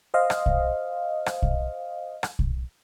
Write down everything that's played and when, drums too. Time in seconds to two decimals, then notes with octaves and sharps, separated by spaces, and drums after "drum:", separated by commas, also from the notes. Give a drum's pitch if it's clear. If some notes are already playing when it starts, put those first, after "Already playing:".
0.14 C5 D#5 F5
0.30 drum: rim click
0.46 drum: kick
1.26 drum: rim click
1.42 drum: kick
2.23 drum: rim click
2.39 drum: kick